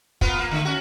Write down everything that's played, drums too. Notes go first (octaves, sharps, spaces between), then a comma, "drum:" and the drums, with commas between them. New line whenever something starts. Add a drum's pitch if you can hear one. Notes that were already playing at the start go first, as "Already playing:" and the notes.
A#3 B3 F4, drum: kick
A#3
D3 A3
C#4 F#4